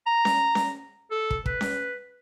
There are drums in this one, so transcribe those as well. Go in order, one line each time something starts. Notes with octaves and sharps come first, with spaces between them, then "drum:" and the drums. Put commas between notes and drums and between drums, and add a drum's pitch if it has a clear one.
A#5
drum: snare C#4
drum: snare C#4
A4
drum: kick
B4, drum: kick
drum: snare C#4